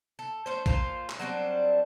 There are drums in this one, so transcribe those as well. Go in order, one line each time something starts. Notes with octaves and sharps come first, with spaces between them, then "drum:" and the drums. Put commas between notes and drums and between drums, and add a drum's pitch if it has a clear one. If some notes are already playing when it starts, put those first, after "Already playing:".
A4
A3 C#4 C5
A#2 F4 C5 A#5, drum: kick
drum: clap
F#3 G3 C4 D4